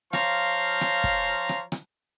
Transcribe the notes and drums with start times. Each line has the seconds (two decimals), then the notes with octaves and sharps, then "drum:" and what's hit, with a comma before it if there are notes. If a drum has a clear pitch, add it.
0.13 F3 C#5 F5 A#5 C6, drum: rim click
0.81 drum: rim click
1.04 drum: kick
1.49 drum: rim click
1.72 drum: rim click